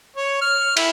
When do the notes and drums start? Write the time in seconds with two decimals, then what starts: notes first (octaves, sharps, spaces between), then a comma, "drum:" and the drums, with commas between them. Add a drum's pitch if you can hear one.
0.16 C#5
0.41 F6
0.77 E4, drum: cymbal